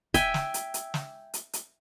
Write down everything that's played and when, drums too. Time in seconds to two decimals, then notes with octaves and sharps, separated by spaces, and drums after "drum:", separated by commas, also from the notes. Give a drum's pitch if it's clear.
0.14 E5 G5 G#5, drum: kick, hi-hat
0.34 drum: snare
0.54 drum: hi-hat
0.74 drum: hi-hat
0.94 drum: snare
1.34 drum: hi-hat
1.53 drum: hi-hat